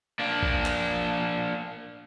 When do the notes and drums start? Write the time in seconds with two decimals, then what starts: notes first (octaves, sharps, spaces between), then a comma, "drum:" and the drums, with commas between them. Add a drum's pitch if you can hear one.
0.19 A#3 D4
0.42 drum: kick A1
0.65 drum: clap